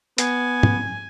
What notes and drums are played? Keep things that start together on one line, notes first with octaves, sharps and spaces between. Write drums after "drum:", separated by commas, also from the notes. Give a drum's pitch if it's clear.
B3 G#5, drum: hi-hat
drum: tom